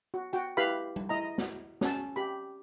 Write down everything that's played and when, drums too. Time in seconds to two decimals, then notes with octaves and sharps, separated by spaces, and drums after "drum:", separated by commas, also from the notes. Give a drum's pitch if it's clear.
0.14 F#4
0.33 F#4 G5, drum: hi-hat
0.57 E4 G4 B4 F5 B5
0.96 drum: tom G3
1.09 E4 D#5 A#5
1.38 drum: snare
1.81 C#4 A5, drum: snare
2.16 G4 B5